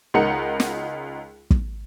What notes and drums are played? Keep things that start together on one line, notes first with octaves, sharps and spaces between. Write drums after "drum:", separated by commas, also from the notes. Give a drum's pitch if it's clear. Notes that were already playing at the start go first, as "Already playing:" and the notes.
C#2 D#4 A#4 F#5 C#7
drum: snare
drum: kick